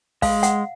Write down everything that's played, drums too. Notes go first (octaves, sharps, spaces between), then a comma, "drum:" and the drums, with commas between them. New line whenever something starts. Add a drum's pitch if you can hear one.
G#3 F5, drum: kick, open hi-hat
F#5, drum: hi-hat